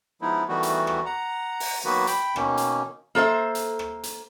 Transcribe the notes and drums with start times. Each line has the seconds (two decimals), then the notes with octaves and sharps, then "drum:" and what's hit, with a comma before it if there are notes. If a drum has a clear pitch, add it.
0.21 F3 G#3 B3 D#4 E4
0.48 D#3 E3 G3 A3 B3 F#4
0.63 drum: hi-hat
0.87 drum: rim click
1.06 F#5 A#5
1.60 drum: open hi-hat
1.84 D#3 F#3 A#3 B3 F#4 B4
2.07 G5 B5, drum: hi-hat
2.36 B2 D#3 A#3 C#4, drum: rim click
2.57 drum: hi-hat
3.15 A#3 A4 C5 E5
3.55 drum: hi-hat
3.79 drum: rim click
4.03 drum: hi-hat